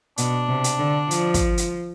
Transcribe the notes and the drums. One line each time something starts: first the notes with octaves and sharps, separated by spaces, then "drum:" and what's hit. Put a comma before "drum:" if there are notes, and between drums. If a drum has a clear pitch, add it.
B2 D4, drum: hi-hat
C3
drum: hi-hat
D3
F3, drum: hi-hat
drum: kick, hi-hat
drum: hi-hat